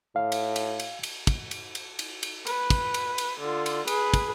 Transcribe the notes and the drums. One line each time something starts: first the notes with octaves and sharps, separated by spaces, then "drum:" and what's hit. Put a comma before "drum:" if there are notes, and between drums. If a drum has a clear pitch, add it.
A2 F5
drum: cymbal
drum: cymbal
drum: cymbal
drum: cymbal
drum: kick, cymbal
drum: cymbal
drum: cymbal
drum: cymbal
drum: cymbal
B4, drum: cymbal
drum: kick, cymbal
drum: cymbal
drum: cymbal
D3 F4
drum: cymbal
G#4 B4, drum: cymbal
drum: kick, cymbal